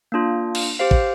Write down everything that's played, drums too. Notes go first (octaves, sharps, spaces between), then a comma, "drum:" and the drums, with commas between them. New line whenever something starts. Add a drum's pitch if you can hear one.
A#3 D4 F4
drum: cymbal
G4 C5 F5
drum: kick